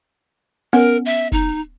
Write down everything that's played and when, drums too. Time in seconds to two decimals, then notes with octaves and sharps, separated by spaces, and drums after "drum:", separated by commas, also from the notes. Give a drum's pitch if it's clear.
0.73 B3 C#4 A#4
1.05 E5
1.32 D#4, drum: kick